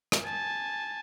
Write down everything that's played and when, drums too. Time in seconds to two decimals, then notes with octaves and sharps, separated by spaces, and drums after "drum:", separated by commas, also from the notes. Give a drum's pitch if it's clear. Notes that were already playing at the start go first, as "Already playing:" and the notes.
0.12 drum: rim click
0.23 G#5 A5